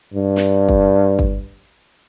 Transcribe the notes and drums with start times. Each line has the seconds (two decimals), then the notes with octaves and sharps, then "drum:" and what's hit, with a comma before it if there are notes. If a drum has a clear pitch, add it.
0.14 G2
0.37 drum: snare
0.69 drum: kick G1
1.19 drum: kick G1